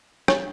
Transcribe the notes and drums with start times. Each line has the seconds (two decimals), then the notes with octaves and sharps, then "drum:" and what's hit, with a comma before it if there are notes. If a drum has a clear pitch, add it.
0.28 C#5, drum: rim click